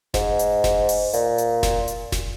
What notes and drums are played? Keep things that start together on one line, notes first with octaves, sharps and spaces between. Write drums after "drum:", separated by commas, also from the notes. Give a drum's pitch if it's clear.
G#2, drum: snare F1
drum: hi-hat
drum: snare F1
drum: open hi-hat
A#2, drum: hi-hat
drum: hi-hat
drum: snare F1
drum: hi-hat
drum: snare F1